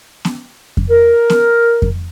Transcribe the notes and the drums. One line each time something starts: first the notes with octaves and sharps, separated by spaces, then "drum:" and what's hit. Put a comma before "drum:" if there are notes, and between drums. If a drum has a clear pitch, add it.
drum: snare B3
drum: kick F2
A#4
drum: snare B3
drum: kick F2